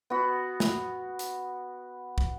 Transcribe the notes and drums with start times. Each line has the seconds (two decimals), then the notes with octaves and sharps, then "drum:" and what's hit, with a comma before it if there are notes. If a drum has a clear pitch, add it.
0.10 B3 F#4
0.60 drum: snare
1.19 drum: hi-hat
2.18 drum: kick